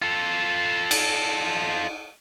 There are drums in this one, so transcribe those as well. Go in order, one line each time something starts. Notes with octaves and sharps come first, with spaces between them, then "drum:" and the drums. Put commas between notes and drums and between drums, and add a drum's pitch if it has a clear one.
F4 A4
drum: cymbal